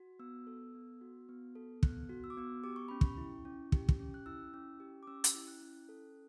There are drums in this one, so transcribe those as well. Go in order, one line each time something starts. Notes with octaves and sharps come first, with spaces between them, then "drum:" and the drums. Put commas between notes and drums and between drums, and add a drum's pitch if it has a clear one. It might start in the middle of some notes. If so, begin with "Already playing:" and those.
Already playing: F#4
B3 E6
A4
B3
F#4
B3
A4
B3 F#6, drum: kick
F#4
E6
D6
B3 E6
G4 D6
C#6
C#4 B5
C#6, drum: kick
E4
C#4
G4, drum: kick
drum: kick
C#4
F#6
E4 E6
C#4
G4
D6
C#4 E6
drum: hi-hat
E4
F#6
C#4
A4